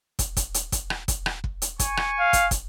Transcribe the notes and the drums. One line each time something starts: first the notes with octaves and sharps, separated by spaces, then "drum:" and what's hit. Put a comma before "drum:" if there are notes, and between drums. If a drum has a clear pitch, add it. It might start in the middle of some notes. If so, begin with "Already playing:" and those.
drum: kick, hi-hat
drum: kick, hi-hat
drum: hi-hat
drum: kick, hi-hat
drum: rim click
drum: kick, hi-hat
drum: rim click
drum: kick
drum: hi-hat
G#5 C#6, drum: kick, hi-hat
drum: rim click
F5
drum: kick, hi-hat
drum: kick, hi-hat